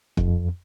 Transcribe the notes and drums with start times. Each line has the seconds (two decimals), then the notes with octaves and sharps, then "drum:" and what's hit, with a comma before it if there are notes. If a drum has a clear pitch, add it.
0.17 F2, drum: kick